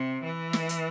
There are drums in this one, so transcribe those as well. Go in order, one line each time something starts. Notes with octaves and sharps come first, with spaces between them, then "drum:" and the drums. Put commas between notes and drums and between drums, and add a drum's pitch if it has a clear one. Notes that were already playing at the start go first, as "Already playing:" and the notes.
Already playing: C3
E3
drum: snare
drum: hi-hat